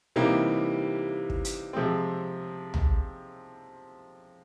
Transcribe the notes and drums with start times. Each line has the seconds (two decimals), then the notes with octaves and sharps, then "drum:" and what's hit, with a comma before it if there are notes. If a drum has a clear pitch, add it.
0.16 C3 E3 G3 A#3 D#4
1.30 drum: kick
1.45 drum: hi-hat
1.73 C3 F3 G#3 C4
2.74 drum: tom B1